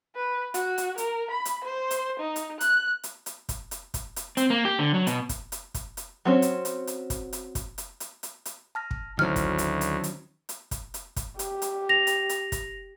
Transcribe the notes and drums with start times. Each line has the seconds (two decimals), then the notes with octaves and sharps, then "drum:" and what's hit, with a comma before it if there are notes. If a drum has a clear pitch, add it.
0.16 B4
0.54 F#4, drum: hi-hat
0.78 drum: hi-hat
0.98 A#4, drum: hi-hat
1.31 B5
1.45 drum: hi-hat
1.65 C5
1.91 drum: hi-hat
2.20 D#4
2.36 drum: hi-hat
2.61 F#6, drum: hi-hat
3.03 drum: hi-hat
3.26 drum: hi-hat
3.49 drum: kick, hi-hat
3.71 drum: hi-hat
3.94 drum: kick, hi-hat
4.16 drum: hi-hat
4.37 C4, drum: hi-hat
4.50 A#3
4.65 G4
4.79 D3
4.94 F#3
5.07 B2, drum: hi-hat
5.29 drum: kick, hi-hat
5.52 drum: hi-hat
5.74 drum: kick, hi-hat
5.97 drum: hi-hat
6.25 F#3 C4 C#4
6.42 drum: hi-hat
6.65 drum: hi-hat
6.87 drum: hi-hat
7.10 drum: kick, hi-hat
7.33 drum: hi-hat
7.55 drum: kick, hi-hat
7.78 drum: hi-hat
8.00 drum: hi-hat
8.23 drum: hi-hat
8.45 drum: hi-hat
8.75 A5 F6 A#6
8.91 drum: kick
9.19 D2 D#3 F#3 C#4 E4 C5 F6
9.36 drum: kick, hi-hat
9.58 drum: hi-hat
9.81 drum: hi-hat
10.04 drum: hi-hat
10.49 drum: hi-hat
10.71 drum: kick, hi-hat
10.94 drum: hi-hat
11.16 drum: kick, hi-hat
11.39 G4, drum: hi-hat
11.62 drum: hi-hat
11.89 A#6 F7
12.07 drum: hi-hat
12.29 drum: hi-hat
12.52 drum: kick, hi-hat